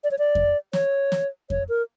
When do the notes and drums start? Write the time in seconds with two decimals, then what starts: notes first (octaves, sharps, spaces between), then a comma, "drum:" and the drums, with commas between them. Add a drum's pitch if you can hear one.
0.04 D5
0.11 C#5
0.19 D5
0.35 drum: kick F2
0.73 C#5, drum: snare
1.12 drum: snare
1.50 C#5, drum: kick F2
1.69 A#4